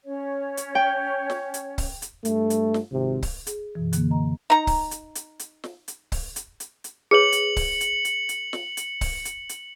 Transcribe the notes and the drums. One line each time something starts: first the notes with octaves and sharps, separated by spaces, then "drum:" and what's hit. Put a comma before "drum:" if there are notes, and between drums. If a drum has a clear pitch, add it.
C#4 C#5
drum: hi-hat
G5
drum: snare
drum: hi-hat
drum: kick C#1, open hi-hat
drum: hi-hat
G2 A3, drum: hi-hat
drum: hi-hat
drum: snare
G#1 C3
drum: kick C#1, open hi-hat
G#4, drum: hi-hat
F#2 B2 E3
D3 E3 A#3, drum: hi-hat
D#5 A#5
D#4 A#5
drum: kick C#1, open hi-hat
drum: hi-hat
drum: hi-hat
drum: hi-hat
drum: snare
drum: hi-hat
drum: kick C#1, open hi-hat
drum: hi-hat
drum: hi-hat
drum: hi-hat
G#4 B4 C#5 C#7 F#7
drum: hi-hat
drum: kick C#1, open hi-hat
drum: hi-hat
drum: hi-hat
drum: hi-hat
drum: snare
drum: hi-hat
drum: kick C#1, open hi-hat
drum: hi-hat
drum: hi-hat